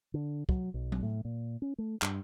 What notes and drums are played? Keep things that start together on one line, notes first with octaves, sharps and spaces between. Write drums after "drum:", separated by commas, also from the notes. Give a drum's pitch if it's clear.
D3
F#3, drum: kick
B1
drum: tom F#3
A2
A#2
C#4
A3
G2, drum: clap